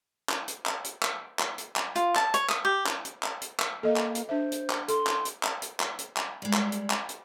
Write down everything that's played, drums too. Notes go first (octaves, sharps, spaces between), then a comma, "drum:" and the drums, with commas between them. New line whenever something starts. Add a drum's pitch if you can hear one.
drum: clap
drum: hi-hat
drum: clap
drum: hi-hat
drum: clap
drum: clap
drum: hi-hat
drum: clap
F4, drum: hi-hat
A5, drum: clap
C#5, drum: hi-hat
D#6, drum: clap
G4
drum: clap
drum: hi-hat
drum: clap
drum: hi-hat
drum: clap
A#3 A4 D#5
drum: clap
drum: hi-hat
D4 C5 E5
drum: hi-hat
drum: clap
A4 C6, drum: hi-hat
drum: clap
drum: hi-hat
drum: clap
drum: hi-hat
drum: clap
drum: hi-hat
drum: clap
G3 G#3
drum: clap
drum: hi-hat
drum: clap
drum: hi-hat